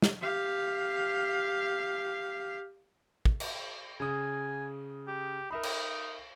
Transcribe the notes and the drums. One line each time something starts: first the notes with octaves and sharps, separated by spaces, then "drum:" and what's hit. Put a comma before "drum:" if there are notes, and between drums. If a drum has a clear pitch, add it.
drum: snare
G4 F5
drum: kick
drum: cymbal
C#3 G#5 D#6
G4
D#4 A#4 E5 B5
drum: cymbal